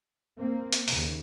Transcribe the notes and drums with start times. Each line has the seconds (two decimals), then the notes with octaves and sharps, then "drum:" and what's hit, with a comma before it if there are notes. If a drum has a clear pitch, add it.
0.38 A#3 C4
0.72 drum: hi-hat
0.88 D#2 C#3, drum: open hi-hat